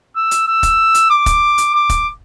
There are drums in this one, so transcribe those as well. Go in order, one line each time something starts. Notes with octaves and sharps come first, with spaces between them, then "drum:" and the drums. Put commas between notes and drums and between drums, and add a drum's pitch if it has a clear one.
E6
drum: hi-hat
E6
drum: kick, hi-hat
drum: hi-hat
D6
drum: kick, hi-hat
drum: hi-hat
D6
drum: kick, hi-hat